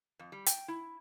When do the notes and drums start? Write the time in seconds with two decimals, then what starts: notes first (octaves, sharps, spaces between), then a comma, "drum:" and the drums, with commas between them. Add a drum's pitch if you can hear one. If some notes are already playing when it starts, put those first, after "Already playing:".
0.19 F2
0.32 G3
0.46 G5, drum: hi-hat
0.68 E4